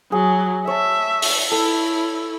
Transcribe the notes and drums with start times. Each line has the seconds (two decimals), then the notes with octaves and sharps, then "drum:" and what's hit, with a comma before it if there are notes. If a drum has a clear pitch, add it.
0.12 F#3 G#4
0.67 C#5 E5 A5
1.22 drum: open hi-hat
1.51 E4 A4